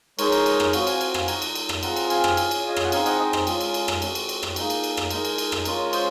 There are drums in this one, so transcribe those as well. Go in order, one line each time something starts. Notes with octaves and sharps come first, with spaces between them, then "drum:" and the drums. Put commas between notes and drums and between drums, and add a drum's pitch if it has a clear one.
G#3 D#4 G#4 A#4 C#5, drum: cymbal
drum: cymbal
drum: cymbal
drum: rim click
C4 F#4 C#5 F5, drum: cymbal
F5 G#5, drum: cymbal
drum: cymbal
F5 G#5, drum: rim click
G#3 D#4 G#4 F#5 A#5, drum: cymbal
drum: cymbal
drum: cymbal
drum: rim click
C4 F4 G#4 F#5 A#5, drum: cymbal
drum: cymbal
F5 G#5, drum: cymbal
drum: rim click
C#4 F4 G#4, drum: cymbal
drum: cymbal
D#5
F5, drum: rim click
F#5
C4 D#4 G#4 F5 G#5, drum: cymbal
D#5 F#5, drum: cymbal
C5 D#5
drum: rim click
G#3 C#4 F4 G#4, drum: cymbal
drum: cymbal
drum: cymbal
drum: rim click
G#3 C4 F#4, drum: cymbal
drum: cymbal
drum: cymbal
drum: rim click
A#3 D#4 G#4, drum: cymbal
drum: cymbal
drum: cymbal
drum: rim click
G#3 D#4 G#4 A#4, drum: cymbal
drum: cymbal
drum: cymbal
drum: rim click
G#3 C#4 F4 A#4, drum: cymbal
G#4 C5, drum: cymbal